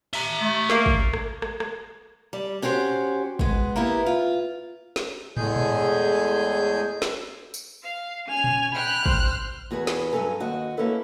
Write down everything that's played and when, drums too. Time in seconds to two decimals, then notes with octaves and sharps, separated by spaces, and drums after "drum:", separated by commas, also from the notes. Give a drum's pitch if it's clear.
0.13 E5 A#5, drum: open hi-hat
0.42 A3
0.70 A#3, drum: snare
0.86 drum: kick
1.14 drum: rim click
1.42 drum: rim click
1.60 drum: rim click
2.33 G3
2.62 C#4 F#4 G4 B4 C5
3.39 G#3 B3, drum: kick
3.76 A#3 B3 E4 G4
4.06 F4
4.96 drum: snare
5.37 E2 A2 G#3 G#4 G6, drum: tom
5.56 drum: tom A#2
7.02 drum: snare
7.54 drum: tambourine
7.83 F5
8.28 C#4 G#5 F7
8.44 drum: tom A#2
8.74 G5 B5 F6 F#6
9.06 C5, drum: kick
9.71 E2 F#4 G#4 B4
9.87 drum: snare
10.12 G2 F#3 C#4 A4 G#5 A#5
10.40 D#2 F#4 D#5
10.77 A#3 C4 C#4 E4 A4 B4